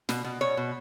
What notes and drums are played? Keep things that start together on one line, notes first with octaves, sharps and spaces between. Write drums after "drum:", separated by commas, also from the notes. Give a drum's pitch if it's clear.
B2, drum: snare
B2
B2 C#5
B2